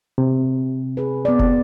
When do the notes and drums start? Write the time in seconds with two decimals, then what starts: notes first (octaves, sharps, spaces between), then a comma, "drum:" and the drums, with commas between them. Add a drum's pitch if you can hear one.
0.18 C3
0.97 G#4 B4
1.25 B3 D5
1.39 drum: kick F1